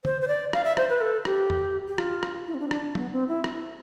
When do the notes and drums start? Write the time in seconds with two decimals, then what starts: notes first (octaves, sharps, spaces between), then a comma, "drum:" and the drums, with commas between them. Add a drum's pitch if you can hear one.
0.05 C5, drum: tom
0.21 C5
0.28 D5
0.53 F5, drum: rim click
0.64 E5
0.77 C5, drum: rim click
0.90 B4
1.01 A4
1.25 G4, drum: rim click
1.50 drum: tom E2
1.88 G4
1.98 F4, drum: rim click
2.23 drum: rim click
2.47 E4
2.54 C4
2.60 D4
2.67 C4
2.71 D4, drum: rim click
2.95 B3, drum: tom
3.12 C4
3.28 E4
3.44 drum: rim click